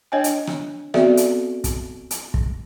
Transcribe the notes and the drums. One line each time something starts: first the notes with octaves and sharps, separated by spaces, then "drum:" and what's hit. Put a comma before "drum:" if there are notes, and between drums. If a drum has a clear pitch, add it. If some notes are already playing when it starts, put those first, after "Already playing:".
D4 C#5 D#5 G5 G#5
drum: hi-hat
drum: rim click
B3 C4 F#4 A4 D5 E5, drum: rim click
drum: hi-hat
drum: kick, hi-hat
drum: hi-hat
drum: kick